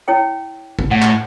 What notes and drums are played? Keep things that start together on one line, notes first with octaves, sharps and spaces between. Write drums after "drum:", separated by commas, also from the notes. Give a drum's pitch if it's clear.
E4 C#5 G5
drum: kick G#1
A2 F#5
drum: clap